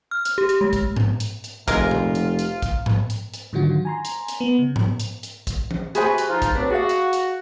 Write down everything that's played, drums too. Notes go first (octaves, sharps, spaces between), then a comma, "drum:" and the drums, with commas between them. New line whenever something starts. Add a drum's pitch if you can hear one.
F6
drum: hi-hat
G4
drum: hi-hat
G#3
drum: kick, hi-hat
drum: tom G#2
drum: hi-hat
drum: hi-hat
F1 G#3 F4 A#4, drum: kick, hi-hat
drum: tom B2
drum: hi-hat
drum: hi-hat
drum: kick, hi-hat
drum: tom G#2
drum: hi-hat
drum: hi-hat
G#2 D3 D#3 F#3 F4 F#4
G#5 A#5 C6
drum: hi-hat
drum: hi-hat
B3
C#3
drum: tom G#2
drum: hi-hat
drum: hi-hat
drum: kick, hi-hat
drum: tom E3
C3 F#4 G#4 B4 C5 G#5, drum: hi-hat
drum: hi-hat
F3 D#4 F4
drum: kick, hi-hat
F#3 C4 D4 B4
F#4 G#4 F5
drum: hi-hat
drum: hi-hat